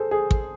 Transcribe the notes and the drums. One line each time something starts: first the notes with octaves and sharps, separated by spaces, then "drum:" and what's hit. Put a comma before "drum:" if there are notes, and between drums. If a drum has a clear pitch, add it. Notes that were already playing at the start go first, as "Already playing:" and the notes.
Already playing: G#4 A4 C5
G#4
drum: kick